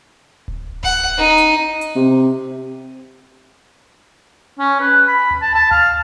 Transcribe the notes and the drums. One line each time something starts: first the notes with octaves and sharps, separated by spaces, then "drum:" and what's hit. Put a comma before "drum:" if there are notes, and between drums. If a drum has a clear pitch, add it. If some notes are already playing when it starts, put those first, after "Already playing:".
drum: kick D1
F#5, drum: kick D1
D#4
drum: hi-hat
drum: hi-hat
C3
C#4
B4
B5
drum: tom D2
A5
A5
F5, drum: tom D2